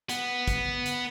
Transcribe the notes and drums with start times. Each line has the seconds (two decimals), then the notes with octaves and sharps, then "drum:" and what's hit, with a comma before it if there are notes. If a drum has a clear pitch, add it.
0.09 B3, drum: hi-hat
0.48 drum: kick, hi-hat
0.86 drum: hi-hat